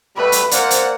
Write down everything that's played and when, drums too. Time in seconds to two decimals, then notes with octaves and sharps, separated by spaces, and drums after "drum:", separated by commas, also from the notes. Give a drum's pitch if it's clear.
0.16 B2 G3 A3 B4 B5
0.32 drum: hi-hat
0.51 A#3 C5 D5 F#5, drum: hi-hat
0.71 drum: hi-hat